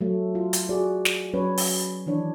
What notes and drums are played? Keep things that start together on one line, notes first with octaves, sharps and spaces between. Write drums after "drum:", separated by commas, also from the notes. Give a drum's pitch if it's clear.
F#3 A3
F4
drum: hi-hat
F#4 G#4 D5
drum: snare
F#3 C#4 B4 C#5
drum: open hi-hat
D#3 E3 D4 C#5